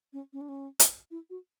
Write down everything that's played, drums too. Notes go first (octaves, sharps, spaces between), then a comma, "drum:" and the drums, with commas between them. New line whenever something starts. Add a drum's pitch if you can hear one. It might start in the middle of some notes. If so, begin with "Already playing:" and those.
C#4
C#4
D4
C#4
drum: hi-hat
E4
F#4